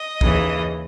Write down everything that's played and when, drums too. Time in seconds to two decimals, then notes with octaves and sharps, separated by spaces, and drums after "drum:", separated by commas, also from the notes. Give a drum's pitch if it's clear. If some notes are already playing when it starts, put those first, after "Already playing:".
Already playing: D#5
0.21 D#2 C#3 E3, drum: kick